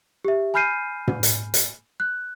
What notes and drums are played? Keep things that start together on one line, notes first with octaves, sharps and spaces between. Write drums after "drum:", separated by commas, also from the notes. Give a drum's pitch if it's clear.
G4 E5
G#5 B5 F6 G6 C7 D#7
drum: tom
drum: hi-hat
drum: hi-hat
F#6